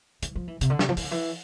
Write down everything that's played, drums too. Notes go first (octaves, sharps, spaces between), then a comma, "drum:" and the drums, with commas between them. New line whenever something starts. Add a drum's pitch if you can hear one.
E3, drum: hi-hat
F3
E3
C3, drum: hi-hat
D3
C3, drum: snare
F3
E3, drum: open hi-hat
D3
E3